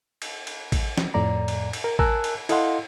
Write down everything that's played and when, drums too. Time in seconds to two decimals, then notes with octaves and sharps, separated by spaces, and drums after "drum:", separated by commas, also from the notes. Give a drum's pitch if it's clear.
0.22 drum: cymbal
0.47 drum: cymbal
0.72 drum: kick, cymbal
0.98 drum: snare
1.14 F2 A2 D5 A#5
1.48 drum: cymbal
1.73 drum: cymbal
1.84 A#4
1.99 A#4 G#5 A5 E6 F#6, drum: kick
2.24 drum: cymbal
2.49 E4 A4 D#5 F5 F#5 C6, drum: cymbal